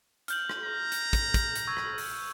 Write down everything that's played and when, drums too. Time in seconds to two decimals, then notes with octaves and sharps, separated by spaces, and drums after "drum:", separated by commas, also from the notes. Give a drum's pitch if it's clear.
0.28 F6 G6 F#7, drum: hi-hat
0.49 drum: rim click
0.64 A#5
0.92 drum: hi-hat
1.13 drum: kick, hi-hat
1.34 drum: kick, hi-hat
1.56 drum: hi-hat
1.67 C#6 E6 G#6
1.77 drum: rim click
1.98 drum: open hi-hat